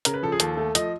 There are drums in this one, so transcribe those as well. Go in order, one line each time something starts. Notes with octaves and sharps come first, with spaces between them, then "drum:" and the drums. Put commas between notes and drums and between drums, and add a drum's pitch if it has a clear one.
C#3 A#4, drum: hi-hat
B4
F3 A4
G#4
D#2 A4, drum: hi-hat
A3
F3 D#5, drum: hi-hat